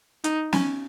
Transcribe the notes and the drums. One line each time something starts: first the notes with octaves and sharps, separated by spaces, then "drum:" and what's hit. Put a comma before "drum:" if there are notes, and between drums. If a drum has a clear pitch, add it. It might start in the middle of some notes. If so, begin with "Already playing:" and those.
D#4, drum: hi-hat
C#4, drum: snare